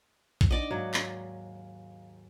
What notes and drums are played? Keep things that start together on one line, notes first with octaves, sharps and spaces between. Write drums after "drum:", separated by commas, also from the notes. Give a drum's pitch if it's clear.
drum: kick
D4 D#4 D5 D#5 F#5
D#2 G#2 F#3 F5
drum: clap